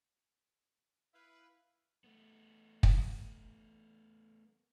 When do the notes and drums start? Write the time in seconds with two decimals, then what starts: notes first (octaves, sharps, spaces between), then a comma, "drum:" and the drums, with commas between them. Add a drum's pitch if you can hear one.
1.14 E4 B4 F5
2.04 A3 B3
2.83 drum: kick